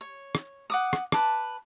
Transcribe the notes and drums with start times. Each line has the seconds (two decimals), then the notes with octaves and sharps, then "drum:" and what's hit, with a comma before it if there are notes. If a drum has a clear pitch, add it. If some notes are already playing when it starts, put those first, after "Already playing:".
0.01 C#5
0.35 drum: rim click
0.70 F#5 D6 D#6
0.93 drum: rim click
1.12 B4 A5 D6, drum: rim click